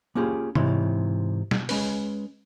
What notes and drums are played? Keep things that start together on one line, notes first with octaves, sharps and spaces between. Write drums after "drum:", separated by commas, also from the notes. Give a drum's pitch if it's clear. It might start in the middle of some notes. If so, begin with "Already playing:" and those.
A#3 C#4 F4 G4 G#4
G#2 C3 E3 E4 C#5 C6, drum: tom C3
drum: snare
G#3 C#4 B4, drum: open hi-hat